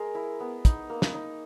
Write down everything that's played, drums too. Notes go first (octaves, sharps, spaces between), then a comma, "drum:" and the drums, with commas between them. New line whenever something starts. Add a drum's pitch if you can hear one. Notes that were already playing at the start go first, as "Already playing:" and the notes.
Already playing: G#3 G#4 A#4
E4
B3
D#4, drum: kick, hi-hat
A#3
drum: snare
D#4